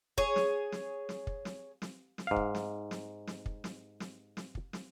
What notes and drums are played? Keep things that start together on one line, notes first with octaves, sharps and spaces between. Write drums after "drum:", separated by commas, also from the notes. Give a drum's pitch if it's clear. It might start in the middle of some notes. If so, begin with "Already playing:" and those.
G#4 C#5, drum: kick
drum: snare
drum: snare
drum: snare
drum: kick
drum: snare
drum: snare
drum: snare
G#2 F5
drum: kick
drum: snare
drum: snare
drum: snare
drum: kick
drum: snare
drum: snare
drum: snare
drum: kick
drum: snare